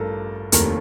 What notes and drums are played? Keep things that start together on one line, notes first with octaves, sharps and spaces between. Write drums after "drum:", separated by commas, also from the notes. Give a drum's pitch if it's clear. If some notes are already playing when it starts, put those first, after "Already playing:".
Already playing: A1 G2 F3 A4 A#4
F1 D#2 D#3 A3 A#4, drum: hi-hat